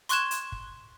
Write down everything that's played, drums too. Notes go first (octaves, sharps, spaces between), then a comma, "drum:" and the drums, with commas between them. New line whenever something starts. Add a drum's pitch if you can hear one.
C6 C#6 F#6 G#6 E7, drum: hi-hat
drum: hi-hat
drum: kick